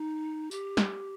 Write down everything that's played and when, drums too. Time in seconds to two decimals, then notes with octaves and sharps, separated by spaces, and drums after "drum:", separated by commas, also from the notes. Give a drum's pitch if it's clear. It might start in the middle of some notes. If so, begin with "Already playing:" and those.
Already playing: D#4
0.51 G4, drum: tambourine
0.77 drum: snare